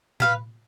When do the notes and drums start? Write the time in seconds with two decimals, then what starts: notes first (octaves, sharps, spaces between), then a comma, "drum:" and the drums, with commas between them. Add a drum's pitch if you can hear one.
0.20 B4 F5 B5, drum: tom A2